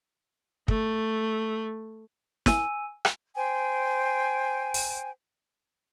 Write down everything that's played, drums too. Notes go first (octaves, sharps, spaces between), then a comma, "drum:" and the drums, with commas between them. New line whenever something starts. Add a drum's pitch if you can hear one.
A3, drum: kick
G#5 E6 D#7, drum: snare
drum: rim click
C5 G5 G#5
drum: open hi-hat